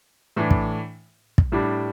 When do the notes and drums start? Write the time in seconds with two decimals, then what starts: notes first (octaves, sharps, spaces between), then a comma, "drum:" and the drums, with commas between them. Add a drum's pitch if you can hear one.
0.36 A2 E3 A3 D4
0.51 drum: kick
1.38 drum: kick
1.52 A2 G3 D4